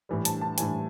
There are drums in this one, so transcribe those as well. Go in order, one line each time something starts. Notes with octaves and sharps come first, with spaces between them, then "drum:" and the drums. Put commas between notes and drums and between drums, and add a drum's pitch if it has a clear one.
A2 E3 G3
A5, drum: hi-hat
A5
A2 E3 G3 G#5, drum: hi-hat